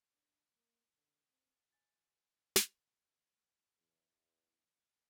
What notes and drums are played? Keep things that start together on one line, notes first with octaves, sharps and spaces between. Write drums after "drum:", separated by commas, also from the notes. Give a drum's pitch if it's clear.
D4
A#3
D3
C4
G#5 A6
drum: snare
E2